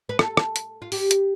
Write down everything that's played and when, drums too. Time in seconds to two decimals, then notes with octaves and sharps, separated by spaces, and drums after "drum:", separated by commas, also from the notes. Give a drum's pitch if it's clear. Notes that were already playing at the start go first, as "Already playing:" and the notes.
0.09 B4
0.19 A4, drum: rim click
0.37 drum: rim click
0.56 drum: hi-hat
0.82 F4
0.92 G4, drum: open hi-hat
1.11 drum: hi-hat